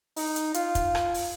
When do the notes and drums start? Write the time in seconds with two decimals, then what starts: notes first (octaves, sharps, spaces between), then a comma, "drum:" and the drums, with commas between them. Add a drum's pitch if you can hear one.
0.16 D#4, drum: open hi-hat
0.36 drum: hi-hat
0.54 F4, drum: hi-hat
0.75 drum: kick, hi-hat
0.95 drum: rim click
1.14 drum: open hi-hat